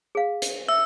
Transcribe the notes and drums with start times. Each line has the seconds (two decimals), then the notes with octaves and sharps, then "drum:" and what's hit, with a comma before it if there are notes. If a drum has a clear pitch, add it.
0.15 G#4 F5
0.42 drum: hi-hat
0.69 E5 E6